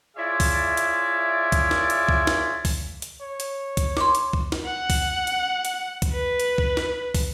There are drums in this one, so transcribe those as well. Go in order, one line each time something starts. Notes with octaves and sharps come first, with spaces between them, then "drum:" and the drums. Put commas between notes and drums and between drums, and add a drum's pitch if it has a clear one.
E4 F4 G#4 C#5 D5 E5
drum: kick, open hi-hat
drum: hi-hat
drum: kick, hi-hat
drum: snare
drum: hi-hat
drum: kick
drum: snare
drum: kick, open hi-hat
drum: hi-hat
C#5
drum: hi-hat
drum: kick, hi-hat
C6 D6, drum: snare
drum: hi-hat
drum: kick
drum: snare
F#5
drum: kick, open hi-hat
drum: hi-hat
drum: hi-hat
drum: kick, hi-hat
B4
drum: hi-hat
drum: kick
drum: snare
drum: kick, open hi-hat